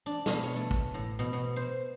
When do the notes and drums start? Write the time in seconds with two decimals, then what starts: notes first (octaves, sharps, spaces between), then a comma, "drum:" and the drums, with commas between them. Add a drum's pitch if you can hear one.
0.06 D4
0.26 B2, drum: snare
0.43 C#5
0.56 A3
0.71 drum: kick
0.94 A2
1.19 B2
1.33 B2
1.56 C5